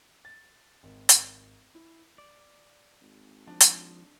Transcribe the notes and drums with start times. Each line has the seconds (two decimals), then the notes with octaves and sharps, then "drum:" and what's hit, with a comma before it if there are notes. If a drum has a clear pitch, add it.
0.25 A6
0.83 G#1
1.09 drum: hi-hat
1.75 E4
2.18 D5
3.01 G#1
3.47 F3 D4
3.60 drum: hi-hat